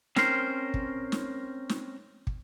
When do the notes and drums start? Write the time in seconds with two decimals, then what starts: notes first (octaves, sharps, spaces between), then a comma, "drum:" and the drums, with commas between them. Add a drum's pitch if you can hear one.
0.16 C4 C#4 A#4 C5, drum: snare
0.74 drum: kick
1.12 drum: snare
1.69 drum: snare
2.27 drum: kick